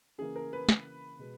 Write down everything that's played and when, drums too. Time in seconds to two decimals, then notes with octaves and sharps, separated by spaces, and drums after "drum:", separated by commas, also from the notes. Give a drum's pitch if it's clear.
0.18 C#3 E3 A#3 G#4
0.36 A#4
0.53 B4
0.69 C#3 E3 A#3, drum: snare
1.19 B2 G#3 B3